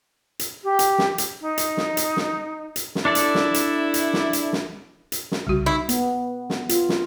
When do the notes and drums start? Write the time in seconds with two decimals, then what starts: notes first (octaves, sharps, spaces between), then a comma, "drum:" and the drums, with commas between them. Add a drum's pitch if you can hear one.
0.39 drum: hi-hat
0.64 G4
0.79 drum: hi-hat
0.98 drum: snare
1.18 drum: hi-hat
1.41 D#4
1.58 drum: hi-hat
1.77 drum: snare
1.97 drum: hi-hat
2.17 drum: snare
2.76 drum: hi-hat
2.95 drum: snare
3.05 D4 E4 A4 D5
3.15 drum: hi-hat
3.35 drum: snare
3.54 drum: hi-hat
3.94 drum: hi-hat
4.13 drum: snare
4.33 drum: hi-hat
4.53 drum: snare
5.12 drum: hi-hat
5.32 drum: snare
5.47 C2 C#3 G3 F#4
5.66 D#4 E4
5.89 B3, drum: hi-hat
6.50 drum: snare
6.69 F4, drum: hi-hat
6.89 drum: snare